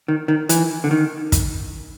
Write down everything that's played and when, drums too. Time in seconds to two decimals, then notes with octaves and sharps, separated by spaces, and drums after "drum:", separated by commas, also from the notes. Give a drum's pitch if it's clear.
0.08 D#3
0.28 D#3
0.49 E3, drum: hi-hat
0.84 D3
0.91 D#3
1.32 drum: kick, hi-hat